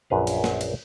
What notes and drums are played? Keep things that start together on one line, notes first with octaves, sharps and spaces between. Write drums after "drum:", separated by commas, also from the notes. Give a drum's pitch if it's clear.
A#1 F#2 B4 F5
drum: cymbal
drum: snare
drum: cymbal